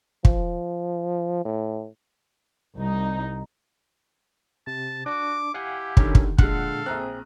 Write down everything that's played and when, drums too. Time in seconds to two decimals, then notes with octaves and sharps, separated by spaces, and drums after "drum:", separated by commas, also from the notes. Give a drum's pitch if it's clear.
0.25 F3, drum: kick
1.45 A2
2.77 C2 D#4
4.67 C3 A5
5.06 D4 F#4 D6
5.54 E4 G4 F5 F#5 G#5
5.97 D3 D#3 G3 C#4 A#4, drum: kick
6.15 drum: kick
6.38 A#2 D3 G#3 A4 F5 F#5 F#6, drum: kick
6.86 A#1 C4 G#4 A#5 F#6